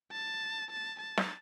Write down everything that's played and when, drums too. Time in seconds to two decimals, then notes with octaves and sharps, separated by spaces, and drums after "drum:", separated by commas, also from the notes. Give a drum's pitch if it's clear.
0.12 A5
0.70 A5
0.99 A5
1.18 drum: snare